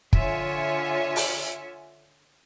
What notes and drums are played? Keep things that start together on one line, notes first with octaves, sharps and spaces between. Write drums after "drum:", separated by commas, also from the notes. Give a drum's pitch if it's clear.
D3 F4 C#5 E5 G#5 C#7, drum: kick
drum: open hi-hat